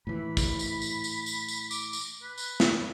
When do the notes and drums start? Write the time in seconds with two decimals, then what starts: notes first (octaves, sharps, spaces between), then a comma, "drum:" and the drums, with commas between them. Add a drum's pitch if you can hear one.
0.07 A2 E3 B5
0.37 drum: kick, tambourine
0.59 drum: tambourine
0.82 drum: tambourine
1.04 drum: tambourine
1.26 drum: tambourine
1.48 drum: tambourine
1.71 D6, drum: tambourine
1.93 drum: tambourine
2.22 B4
2.38 drum: tambourine
2.60 drum: snare